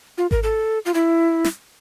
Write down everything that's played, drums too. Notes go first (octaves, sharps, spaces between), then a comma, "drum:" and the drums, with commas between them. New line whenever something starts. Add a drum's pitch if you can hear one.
F4
A#4, drum: kick G#1
A4
F4
E4
drum: snare